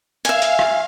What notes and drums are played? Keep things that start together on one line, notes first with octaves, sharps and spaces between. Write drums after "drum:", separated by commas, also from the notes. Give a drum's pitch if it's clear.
E5 F5 G#5, drum: hi-hat
drum: hi-hat
drum: rim click